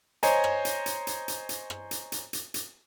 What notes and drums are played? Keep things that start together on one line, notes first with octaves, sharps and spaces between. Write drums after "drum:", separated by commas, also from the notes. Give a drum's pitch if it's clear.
C5 C#5 D#5 G#5 A#5, drum: hi-hat
drum: rim click
drum: hi-hat
drum: hi-hat
drum: hi-hat
drum: hi-hat
drum: hi-hat
drum: rim click
drum: hi-hat
drum: hi-hat
drum: hi-hat
drum: hi-hat